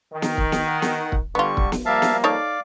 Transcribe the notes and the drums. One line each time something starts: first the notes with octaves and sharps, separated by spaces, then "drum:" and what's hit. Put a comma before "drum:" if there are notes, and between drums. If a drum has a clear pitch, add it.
D#3
drum: snare
drum: kick
drum: snare
F#5
drum: snare
drum: kick
D3 G3 B3 F4 C#6
drum: kick
drum: snare
F3 G3 A#3 E5 F5 A5
drum: snare
D#4 A4 C#5 D5 F5 D6